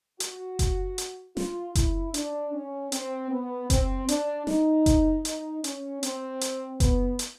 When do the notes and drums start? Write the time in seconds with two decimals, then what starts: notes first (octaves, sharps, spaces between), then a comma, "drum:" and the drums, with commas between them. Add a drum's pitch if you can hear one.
0.20 F#4, drum: hi-hat
0.59 drum: kick F#1, hi-hat
0.98 drum: hi-hat
1.37 F4, drum: snare
1.75 E4, drum: kick F#1, hi-hat
2.14 D4, drum: hi-hat
2.54 C#4
2.92 C4, drum: hi-hat
3.31 B3
3.70 C4, drum: kick F#1, hi-hat
4.08 D4, drum: hi-hat
4.47 D#4, drum: snare
4.86 drum: kick F#1, hi-hat
5.25 D#4, drum: hi-hat
5.64 C#4, drum: hi-hat
6.03 C4, drum: hi-hat
6.41 drum: hi-hat
6.80 B3, drum: kick F#1, hi-hat
7.19 drum: hi-hat